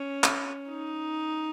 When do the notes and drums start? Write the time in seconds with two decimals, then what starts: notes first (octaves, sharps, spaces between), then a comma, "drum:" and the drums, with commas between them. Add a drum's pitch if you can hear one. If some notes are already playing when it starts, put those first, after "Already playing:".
Already playing: C#4
0.24 drum: clap
0.70 D#4